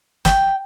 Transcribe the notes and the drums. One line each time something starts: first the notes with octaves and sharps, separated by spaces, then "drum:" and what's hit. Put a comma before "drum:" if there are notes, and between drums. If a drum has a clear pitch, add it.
G5, drum: snare